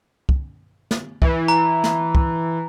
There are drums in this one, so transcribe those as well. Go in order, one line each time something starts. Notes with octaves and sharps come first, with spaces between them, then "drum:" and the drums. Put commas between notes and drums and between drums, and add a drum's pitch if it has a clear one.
drum: kick
drum: snare
E3, drum: kick
A#5
drum: snare
drum: kick